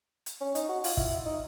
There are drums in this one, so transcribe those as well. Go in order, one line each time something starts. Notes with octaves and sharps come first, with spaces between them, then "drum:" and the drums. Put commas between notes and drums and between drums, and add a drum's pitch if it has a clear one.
drum: hi-hat
C#4
D#4, drum: hi-hat
F#4
F4, drum: open hi-hat
E4, drum: kick
D#4